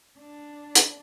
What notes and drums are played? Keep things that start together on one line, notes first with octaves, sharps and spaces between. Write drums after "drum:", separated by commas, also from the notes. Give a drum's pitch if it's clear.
D4
drum: hi-hat